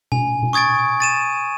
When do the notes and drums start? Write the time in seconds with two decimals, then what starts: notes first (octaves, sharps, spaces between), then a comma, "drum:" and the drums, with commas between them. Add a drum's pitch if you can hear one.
0.12 G#5, drum: tom B2
0.43 drum: tom B2
0.53 C#6 D#6 G#6 A6 D7
1.00 A6 D#7 E7